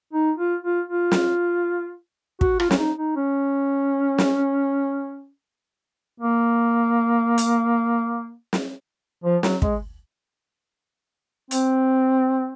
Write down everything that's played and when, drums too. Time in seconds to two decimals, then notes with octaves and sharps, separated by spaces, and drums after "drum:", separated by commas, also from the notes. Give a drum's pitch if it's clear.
0.14 D#4
0.38 F4
0.63 F4
0.88 F4
1.12 drum: snare
2.41 F#4, drum: kick
2.60 F4, drum: rim click
2.71 C#4, drum: snare
2.78 D#4
2.98 D#4
3.16 C#4
4.18 drum: snare
6.21 A#3
7.38 drum: hi-hat
8.53 drum: snare
9.24 F3
9.43 F#3, drum: snare
9.62 G#3, drum: kick
11.51 C4, drum: hi-hat